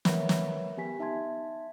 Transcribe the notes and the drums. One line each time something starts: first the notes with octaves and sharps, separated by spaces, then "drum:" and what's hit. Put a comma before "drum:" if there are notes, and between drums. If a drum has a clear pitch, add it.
A#4 B4 C#5 E5 F#5 B5, drum: snare
drum: snare
B3 G4 G#5 B6
D#4 E5 A5 C6 G#6